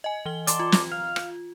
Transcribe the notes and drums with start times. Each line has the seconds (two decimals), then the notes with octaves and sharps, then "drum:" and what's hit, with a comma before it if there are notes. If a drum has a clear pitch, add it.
0.04 D#5 G#5
0.26 E3 G7
0.47 D5 A5 C6, drum: hi-hat
0.60 F4
0.72 drum: snare
0.92 F5
1.16 drum: rim click